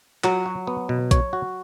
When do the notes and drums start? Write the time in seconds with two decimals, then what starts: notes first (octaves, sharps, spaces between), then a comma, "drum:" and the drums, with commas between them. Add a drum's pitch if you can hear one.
0.24 F#3 C#5, drum: clap
0.46 F#4
0.67 B3
0.89 B2
1.11 C#5, drum: kick A#1, hi-hat
1.33 F#4